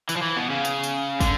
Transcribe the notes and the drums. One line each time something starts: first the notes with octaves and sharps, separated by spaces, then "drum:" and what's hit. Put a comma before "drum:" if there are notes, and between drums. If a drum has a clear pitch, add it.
E3, drum: tambourine
F3
E3
B2
C#3
drum: tambourine
drum: tambourine
D3, drum: kick, tambourine